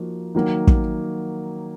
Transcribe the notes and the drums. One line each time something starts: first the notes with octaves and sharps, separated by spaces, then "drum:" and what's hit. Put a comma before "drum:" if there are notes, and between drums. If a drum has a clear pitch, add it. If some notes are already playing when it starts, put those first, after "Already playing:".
Already playing: F3 A#3 D#4 F#4
D#3 F#3 A#3
drum: kick